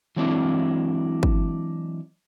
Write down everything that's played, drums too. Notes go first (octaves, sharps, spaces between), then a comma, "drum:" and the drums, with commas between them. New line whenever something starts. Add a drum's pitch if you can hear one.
E3 F#3 G#3 C4 D4 E4
drum: kick